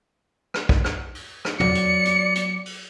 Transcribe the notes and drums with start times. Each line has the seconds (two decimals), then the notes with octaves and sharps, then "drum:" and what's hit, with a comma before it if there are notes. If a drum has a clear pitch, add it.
0.54 drum: rim click
0.69 drum: kick
0.84 drum: rim click
1.15 drum: open hi-hat
1.45 drum: rim click
1.60 F#3 D5 C#7, drum: tom
1.75 drum: hi-hat
2.05 drum: hi-hat
2.35 drum: hi-hat
2.66 drum: open hi-hat